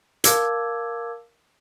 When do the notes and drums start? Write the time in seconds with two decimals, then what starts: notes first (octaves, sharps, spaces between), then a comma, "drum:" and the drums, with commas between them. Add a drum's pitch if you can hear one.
0.24 A#4 F5 A5 D6 E6 G#6, drum: hi-hat